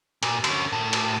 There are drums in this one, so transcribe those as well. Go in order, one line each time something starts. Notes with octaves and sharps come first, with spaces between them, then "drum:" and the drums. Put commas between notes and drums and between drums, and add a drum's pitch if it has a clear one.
A#2, drum: cymbal
D3 C#4, drum: cymbal
A2
drum: cymbal